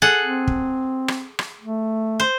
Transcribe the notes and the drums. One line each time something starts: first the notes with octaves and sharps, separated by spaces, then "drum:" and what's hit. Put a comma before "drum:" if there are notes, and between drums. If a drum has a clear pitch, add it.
G#4 A4 F#5
C4
drum: kick
drum: rim click
drum: rim click
A3
C5